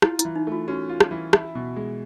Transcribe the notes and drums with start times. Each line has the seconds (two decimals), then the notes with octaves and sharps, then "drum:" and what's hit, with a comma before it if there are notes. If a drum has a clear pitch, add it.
0.02 E4 F4, drum: rim click
0.19 E4, drum: hi-hat
0.25 E3
0.36 D#4
0.47 A3 F4
0.68 C#4 F#4
0.89 F4
1.01 drum: rim click
1.11 E3
1.33 E4, drum: rim click
1.55 B2
1.76 G#3